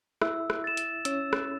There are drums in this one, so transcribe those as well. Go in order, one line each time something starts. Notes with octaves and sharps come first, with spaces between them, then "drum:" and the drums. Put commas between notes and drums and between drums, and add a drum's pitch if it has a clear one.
E4 E5 E6, drum: rim click
drum: rim click
A6 E7
drum: hi-hat
C#4 C#5 E6, drum: hi-hat
drum: rim click